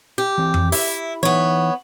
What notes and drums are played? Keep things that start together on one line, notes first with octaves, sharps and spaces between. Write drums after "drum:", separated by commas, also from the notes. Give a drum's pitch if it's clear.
G4
E3 C4
drum: tom F2
E4 E5, drum: open hi-hat
E3 B3 D#4 C#5 E5